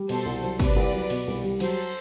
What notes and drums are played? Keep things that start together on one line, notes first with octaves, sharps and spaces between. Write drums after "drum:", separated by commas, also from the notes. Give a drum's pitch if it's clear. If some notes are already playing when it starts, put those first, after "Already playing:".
Already playing: G3
B2 A4 C5, drum: cymbal
C2
F#3
C3 B4 D5, drum: kick, cymbal
C2
F#3
B2, drum: cymbal
C2
G3
F#3 A4 C5, drum: cymbal